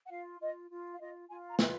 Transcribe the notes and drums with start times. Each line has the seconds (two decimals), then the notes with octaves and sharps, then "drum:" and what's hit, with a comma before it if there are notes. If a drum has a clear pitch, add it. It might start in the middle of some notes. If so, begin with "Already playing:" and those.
0.06 F#5
0.10 F4 F5
0.40 F4 D#5
0.70 F4
0.93 F5
1.00 F4 D#5
1.29 F4 G#5
1.49 A#5
1.59 B4, drum: snare